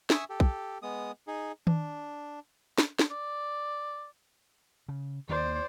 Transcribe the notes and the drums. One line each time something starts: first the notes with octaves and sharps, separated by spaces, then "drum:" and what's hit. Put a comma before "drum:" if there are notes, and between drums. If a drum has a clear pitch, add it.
E5 G#5 C#6 D#6 E6, drum: snare
G4 A4
drum: kick
G#3 B3 D#6
D#4 G#4
D4, drum: tom D#3
drum: snare
drum: snare
D5
C#3
D#2 D#3 A#3 C5 D5